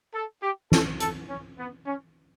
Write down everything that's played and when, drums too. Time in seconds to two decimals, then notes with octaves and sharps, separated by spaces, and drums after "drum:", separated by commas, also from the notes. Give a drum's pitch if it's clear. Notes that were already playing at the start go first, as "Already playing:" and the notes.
0.14 A4
0.42 G4
0.72 A4, drum: snare
1.00 A4, drum: hi-hat
1.29 C#4
1.58 B3
1.86 C#4